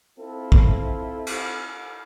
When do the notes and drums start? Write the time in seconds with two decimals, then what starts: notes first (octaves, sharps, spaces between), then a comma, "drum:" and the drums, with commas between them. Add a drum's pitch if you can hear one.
0.19 C4 E4 F4 A4
0.52 drum: kick
1.27 drum: cymbal